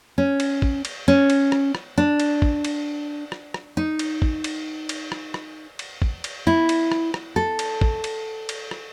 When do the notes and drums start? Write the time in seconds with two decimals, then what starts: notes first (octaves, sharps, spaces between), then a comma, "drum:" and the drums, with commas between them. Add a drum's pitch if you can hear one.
0.18 C#4
0.40 drum: cymbal
0.62 drum: kick
0.85 drum: cymbal
1.08 C#4
1.30 drum: cymbal
1.52 drum: rim click
1.75 drum: rim click
1.98 D4
2.20 drum: cymbal
2.42 drum: kick
2.65 drum: cymbal
3.32 drum: rim click
3.54 drum: rim click
3.77 D#4
3.99 drum: cymbal
4.22 drum: kick
4.44 drum: cymbal
4.89 drum: cymbal
5.12 drum: rim click
5.34 drum: rim click
5.79 drum: cymbal
6.02 drum: kick
6.24 drum: cymbal
6.47 E4
6.69 drum: cymbal
6.92 drum: rim click
7.14 drum: rim click
7.36 A4
7.59 drum: cymbal
7.81 drum: kick
8.04 drum: cymbal
8.49 drum: cymbal
8.71 drum: rim click